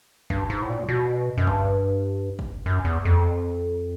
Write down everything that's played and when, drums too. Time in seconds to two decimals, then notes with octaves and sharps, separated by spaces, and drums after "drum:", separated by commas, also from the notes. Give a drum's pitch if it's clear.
0.30 G2, drum: kick
0.50 G#2
0.62 A2
0.70 A#2
0.79 drum: tom
0.89 B2
1.38 F#2
1.47 G2, drum: kick
2.39 drum: kick
2.66 F#2
2.85 E2
3.05 F2